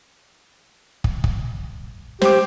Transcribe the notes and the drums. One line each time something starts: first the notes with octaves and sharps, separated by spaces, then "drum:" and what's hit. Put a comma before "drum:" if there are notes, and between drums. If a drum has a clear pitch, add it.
drum: kick
drum: kick
G4 C5 D6, drum: snare